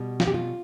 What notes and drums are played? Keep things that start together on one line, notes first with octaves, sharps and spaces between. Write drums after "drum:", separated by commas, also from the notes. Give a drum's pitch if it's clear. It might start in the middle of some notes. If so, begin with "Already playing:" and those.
Already playing: B2 G3
F4, drum: snare
G4
F4